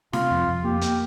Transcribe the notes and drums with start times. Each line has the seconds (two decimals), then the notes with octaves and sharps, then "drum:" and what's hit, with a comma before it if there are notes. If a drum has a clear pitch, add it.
0.13 C3 F4, drum: snare
0.31 F2
0.48 F2
0.64 A#3 G4
0.81 A#3, drum: hi-hat